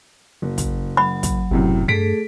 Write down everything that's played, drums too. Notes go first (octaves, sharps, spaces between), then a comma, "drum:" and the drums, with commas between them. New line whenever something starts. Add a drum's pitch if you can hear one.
F#1
drum: kick, hi-hat
F#3 B5
drum: kick, hi-hat
F#1 F#2 A2 C3
G2 A3 G#4 A4 B6 D7